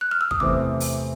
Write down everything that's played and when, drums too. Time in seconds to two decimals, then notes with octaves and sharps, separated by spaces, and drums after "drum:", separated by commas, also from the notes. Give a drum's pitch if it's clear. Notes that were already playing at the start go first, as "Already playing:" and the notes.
0.01 F#6
0.11 F6
0.21 E6
0.31 D#6, drum: kick
0.40 E2 C3 E3 A3 C4 D6
0.80 drum: open hi-hat